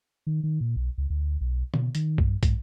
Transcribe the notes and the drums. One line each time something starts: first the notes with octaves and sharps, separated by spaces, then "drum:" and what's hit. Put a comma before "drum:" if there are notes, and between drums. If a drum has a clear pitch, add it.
D#3
D#3
A#2
B1
C#2
D2
B1
B2, drum: tom
D#3, drum: hi-hat
G2, drum: kick
G#2, drum: kick, hi-hat